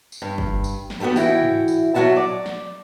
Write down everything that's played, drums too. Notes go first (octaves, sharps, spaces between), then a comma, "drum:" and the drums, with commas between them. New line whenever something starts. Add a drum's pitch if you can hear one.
drum: tambourine
G2
drum: kick
drum: tambourine
drum: snare
B3 F#4 G4 A4 A5
E3 E4 F#4 G5, drum: tambourine
drum: tom G#2
drum: tambourine
B2 F#3 B3 F#4 E5 A5
D5
drum: snare